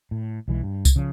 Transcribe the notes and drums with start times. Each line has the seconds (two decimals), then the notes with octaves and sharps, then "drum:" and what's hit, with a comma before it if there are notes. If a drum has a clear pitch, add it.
0.11 A2
0.48 B1 E3 F#3 G#3
0.63 G2
0.85 drum: kick C2, tambourine
0.96 C#3 F3